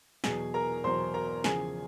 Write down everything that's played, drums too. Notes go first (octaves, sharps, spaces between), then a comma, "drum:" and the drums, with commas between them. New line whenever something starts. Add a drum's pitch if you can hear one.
E2 B2 F#3 G#4 G#5, drum: snare
A#4 A#5
E2 B2 F#3 C5 C6
A#4 A#5
E2 C#3 F3 G#4 G#5, drum: snare